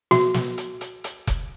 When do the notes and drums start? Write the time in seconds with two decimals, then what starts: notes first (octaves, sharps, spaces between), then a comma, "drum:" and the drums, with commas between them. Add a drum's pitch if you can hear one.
0.11 F#4, drum: snare
0.34 drum: snare
0.58 drum: hi-hat
0.81 drum: hi-hat
1.04 drum: hi-hat
1.27 drum: kick F1, hi-hat